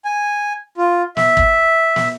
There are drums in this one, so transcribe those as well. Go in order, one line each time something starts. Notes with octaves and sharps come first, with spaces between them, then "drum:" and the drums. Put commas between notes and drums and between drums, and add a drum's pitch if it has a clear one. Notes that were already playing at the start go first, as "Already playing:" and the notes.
G#5
F4
E5, drum: snare
drum: kick
drum: snare